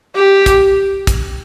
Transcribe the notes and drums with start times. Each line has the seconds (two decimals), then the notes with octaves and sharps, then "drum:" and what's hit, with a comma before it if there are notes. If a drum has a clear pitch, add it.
0.16 G4
0.46 drum: kick, hi-hat
1.07 drum: kick, hi-hat